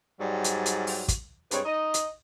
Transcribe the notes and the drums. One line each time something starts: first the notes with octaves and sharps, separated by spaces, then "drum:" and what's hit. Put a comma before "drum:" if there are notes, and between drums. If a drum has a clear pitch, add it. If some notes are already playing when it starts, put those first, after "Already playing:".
G#2 F#3 G3
drum: hi-hat
drum: hi-hat
drum: open hi-hat
drum: kick, hi-hat
G2 G#3 C4 B4 C#5, drum: hi-hat
D#4 D#5
drum: hi-hat